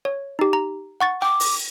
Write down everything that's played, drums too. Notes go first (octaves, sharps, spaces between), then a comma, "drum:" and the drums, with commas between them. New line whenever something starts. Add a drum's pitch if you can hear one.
C#5
D#4 G4
A#5
F#5 C#6 A6
G5 D6
drum: open hi-hat